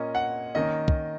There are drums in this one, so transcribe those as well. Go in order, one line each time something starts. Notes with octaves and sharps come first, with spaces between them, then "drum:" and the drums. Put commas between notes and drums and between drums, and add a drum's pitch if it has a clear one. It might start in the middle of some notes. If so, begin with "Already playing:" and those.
Already playing: A#2 A#3 C#4 D#5
F#5
D#3 A#3 C#4 D#5
drum: kick